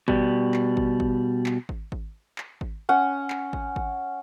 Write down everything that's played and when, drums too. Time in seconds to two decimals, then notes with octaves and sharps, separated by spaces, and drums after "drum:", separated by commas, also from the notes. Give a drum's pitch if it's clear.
0.08 B2 G3, drum: kick G#1
0.54 drum: clap
0.77 drum: kick G#1
1.00 drum: kick G#1
1.46 drum: clap
1.69 drum: kick G#1
1.92 drum: kick G#1
2.38 drum: clap
2.61 drum: kick G#1
2.89 C#4 F#5
3.30 drum: clap
3.53 drum: kick G#1
3.76 drum: kick G#1